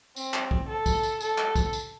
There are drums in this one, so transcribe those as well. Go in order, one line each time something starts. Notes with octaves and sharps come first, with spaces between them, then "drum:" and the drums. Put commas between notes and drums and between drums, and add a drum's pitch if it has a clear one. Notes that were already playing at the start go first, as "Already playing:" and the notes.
C4, drum: tambourine
drum: clap
drum: kick
A4
drum: kick, tambourine
drum: tambourine
A4, drum: tambourine
drum: clap
drum: kick, tambourine
drum: tambourine